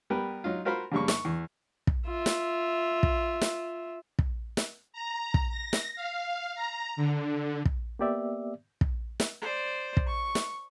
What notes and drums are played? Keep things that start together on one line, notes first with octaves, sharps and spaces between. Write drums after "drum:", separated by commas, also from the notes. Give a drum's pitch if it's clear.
G3 B3 G4 A#4 B4
F#3 D#4 F4
F4 F#4 A#4 C5 F5 B5
F2 C#3 G3 A#3 C#6
C#6, drum: snare
E2
drum: kick
F4 E5
drum: snare
drum: kick
drum: snare
drum: kick
drum: snare
A#5
drum: kick
A#6
drum: snare
F5
A#5
D3
drum: kick
A#3 B3 G4 D5 E5
drum: kick
drum: snare
C5 D5
drum: kick
C#6
drum: snare